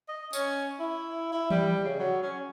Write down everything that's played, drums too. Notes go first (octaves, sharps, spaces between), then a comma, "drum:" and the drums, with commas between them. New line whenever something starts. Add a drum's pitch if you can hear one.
D#5
C#4, drum: tambourine
E4
E4
G3, drum: tom E3
C#3
F#3
C#4